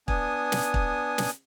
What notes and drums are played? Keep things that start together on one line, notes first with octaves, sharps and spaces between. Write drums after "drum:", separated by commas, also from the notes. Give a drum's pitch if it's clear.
B3 D4 G#5 D#6, drum: kick
drum: snare
drum: kick
drum: snare